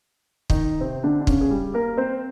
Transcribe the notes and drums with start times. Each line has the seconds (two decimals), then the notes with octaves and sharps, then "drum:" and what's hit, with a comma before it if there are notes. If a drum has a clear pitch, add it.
0.50 D#3 D#4, drum: kick
0.80 C3 C4
1.04 D3 D4
1.21 D4
1.27 C#3 C#4, drum: kick
1.41 G#4
1.50 G3 G4
1.74 A#3 A#4
1.97 C4 C5